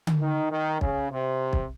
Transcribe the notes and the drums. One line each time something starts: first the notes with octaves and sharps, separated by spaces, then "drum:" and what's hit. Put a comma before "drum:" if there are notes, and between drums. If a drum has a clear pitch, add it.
drum: tom D3
D#3
D#3
C#3, drum: kick
C3
drum: kick